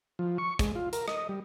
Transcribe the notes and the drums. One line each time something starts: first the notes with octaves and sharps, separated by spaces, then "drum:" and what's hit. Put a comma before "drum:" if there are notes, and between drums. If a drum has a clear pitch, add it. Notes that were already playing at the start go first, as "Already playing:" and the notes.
F3
C#6
G#3, drum: kick, hi-hat
F4
A#4, drum: hi-hat
D#5, drum: rim click
G3